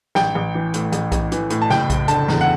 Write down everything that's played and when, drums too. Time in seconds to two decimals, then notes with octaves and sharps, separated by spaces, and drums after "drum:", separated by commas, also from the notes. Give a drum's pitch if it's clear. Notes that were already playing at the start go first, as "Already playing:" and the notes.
0.15 A1 G5, drum: snare
0.35 A1
0.55 E3
0.74 A2, drum: hi-hat
0.92 A1, drum: hi-hat
1.12 A1, drum: kick B1, hi-hat
1.32 E3, drum: hi-hat
1.50 A2, drum: hi-hat
1.62 A5
1.70 F#1 G5, drum: snare
1.90 F#1, drum: kick B1, hi-hat
2.08 D3 A5, drum: hi-hat
2.28 E2, drum: snare
2.41 F#5